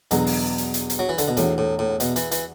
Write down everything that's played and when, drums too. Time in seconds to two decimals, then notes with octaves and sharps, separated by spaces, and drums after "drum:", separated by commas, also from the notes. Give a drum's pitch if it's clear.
0.11 E2 B2 D3 F#3, drum: hi-hat
0.27 drum: open hi-hat
0.58 drum: hi-hat
0.74 drum: hi-hat
0.90 drum: hi-hat
0.99 F#3
1.09 E3
1.18 D3, drum: hi-hat
1.28 B2
1.37 E2 A2 E3 D4 F#4, drum: hi-hat
1.58 A2
1.79 A2
2.00 B2, drum: hi-hat
2.16 E3, drum: hi-hat
2.32 E3, drum: hi-hat